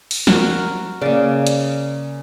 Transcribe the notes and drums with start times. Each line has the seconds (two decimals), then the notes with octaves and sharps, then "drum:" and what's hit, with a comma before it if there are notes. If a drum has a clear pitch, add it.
0.11 drum: open hi-hat
0.27 F#4 A#4, drum: snare
1.02 C#3 A#3 D5
1.47 drum: hi-hat